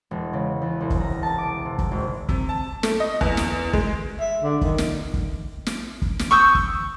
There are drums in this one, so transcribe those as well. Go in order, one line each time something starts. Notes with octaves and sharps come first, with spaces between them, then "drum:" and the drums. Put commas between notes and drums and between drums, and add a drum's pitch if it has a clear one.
E1
C#3
E2
C2
drum: kick F#1
A#5
A5
D6
C3
drum: kick F#1
G#1
C3, drum: kick F#1
A5
A3, drum: snare
D#5
E2, drum: kick F#1
drum: snare
G#3, drum: kick F#1
E5
D3
D#3, drum: kick F#1
drum: snare
drum: kick F#1
drum: snare
drum: kick F#1
drum: snare
C#6 D#6 E6 G6
drum: kick F#1